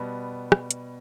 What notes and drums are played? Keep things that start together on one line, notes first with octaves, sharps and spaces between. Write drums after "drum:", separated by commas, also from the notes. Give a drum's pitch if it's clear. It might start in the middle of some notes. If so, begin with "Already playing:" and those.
Already playing: B2 G3 B3
drum: rim click
drum: hi-hat